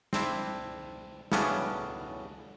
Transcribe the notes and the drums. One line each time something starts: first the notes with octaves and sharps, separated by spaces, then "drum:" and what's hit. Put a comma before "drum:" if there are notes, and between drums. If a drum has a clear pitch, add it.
C4 D4 E4, drum: snare
A2 C#3 F#3 B3 C#4 D4, drum: snare